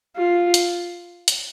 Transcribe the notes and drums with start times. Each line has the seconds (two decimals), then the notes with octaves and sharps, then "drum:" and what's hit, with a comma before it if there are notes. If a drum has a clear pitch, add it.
0.17 F4
0.54 drum: hi-hat
1.28 drum: hi-hat